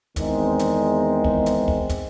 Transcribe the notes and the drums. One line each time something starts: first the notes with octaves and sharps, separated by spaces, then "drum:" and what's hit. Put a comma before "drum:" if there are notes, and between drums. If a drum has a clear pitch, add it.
E2 D#3 G#3 C4 D#4, drum: kick, hi-hat
drum: hi-hat
drum: kick
drum: hi-hat
drum: kick
drum: kick, hi-hat